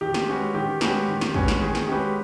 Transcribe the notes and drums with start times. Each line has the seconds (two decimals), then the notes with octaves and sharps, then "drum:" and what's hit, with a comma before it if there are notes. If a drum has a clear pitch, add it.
0.01 D#3 G4
0.14 drum: snare
0.27 G#3 C#4 F#4 B4
0.54 D#3 G4
0.81 G#3 C#4 F#4 G4 B4, drum: snare
1.08 D#3
1.21 drum: snare
1.34 G#3 C#4 F#4 B4, drum: kick
1.48 drum: snare
1.61 D#3 G#4
1.75 drum: snare
1.88 G#3 C#4 F#4 G4 B4